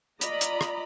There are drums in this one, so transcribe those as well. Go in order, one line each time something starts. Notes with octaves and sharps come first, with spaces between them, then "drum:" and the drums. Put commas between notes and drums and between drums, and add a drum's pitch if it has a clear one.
F4 D5 D#5 A#5 B5, drum: hi-hat
drum: hi-hat
drum: rim click